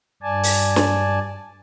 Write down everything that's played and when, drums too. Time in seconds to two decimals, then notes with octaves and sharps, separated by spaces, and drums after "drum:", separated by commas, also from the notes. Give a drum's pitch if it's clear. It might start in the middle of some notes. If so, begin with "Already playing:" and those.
0.22 G2 D5 G#5 A5
0.43 drum: open hi-hat
0.76 drum: snare